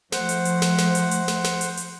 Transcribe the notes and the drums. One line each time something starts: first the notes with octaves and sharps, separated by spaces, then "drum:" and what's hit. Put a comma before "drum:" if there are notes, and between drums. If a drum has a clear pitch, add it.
F3 A3 C5 F#5, drum: snare
drum: hi-hat
drum: hi-hat
drum: snare
drum: snare
drum: hi-hat
drum: hi-hat
drum: snare
drum: snare
drum: hi-hat
drum: hi-hat